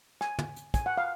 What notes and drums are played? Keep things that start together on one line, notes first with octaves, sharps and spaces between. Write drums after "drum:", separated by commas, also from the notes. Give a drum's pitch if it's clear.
G#5, drum: rim click
drum: tom
drum: hi-hat
G#5, drum: kick, hi-hat
F#5
F5